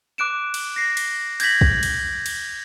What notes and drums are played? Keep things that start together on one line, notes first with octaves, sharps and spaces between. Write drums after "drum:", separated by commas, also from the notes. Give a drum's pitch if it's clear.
D6 F#6 D7 E7
drum: cymbal
A#6 C7
drum: cymbal
G6 G#6 A#6 B6 F#7, drum: cymbal
drum: kick
drum: cymbal
drum: cymbal